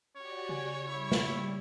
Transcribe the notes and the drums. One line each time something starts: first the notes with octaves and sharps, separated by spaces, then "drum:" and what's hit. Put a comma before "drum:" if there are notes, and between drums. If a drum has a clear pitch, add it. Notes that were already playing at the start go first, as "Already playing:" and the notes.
F#4 G4 C#5 D5
C#3 G#5
G3 E4
drum: snare